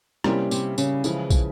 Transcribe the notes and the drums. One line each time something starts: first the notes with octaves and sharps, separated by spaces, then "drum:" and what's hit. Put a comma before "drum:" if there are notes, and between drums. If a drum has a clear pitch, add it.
C3 G3 A#3 C#4 E4 G4, drum: rim click
C3, drum: tambourine
C#3, drum: tambourine
C#3 E3 F3 G#3 E4 G#4, drum: tambourine
drum: kick, tambourine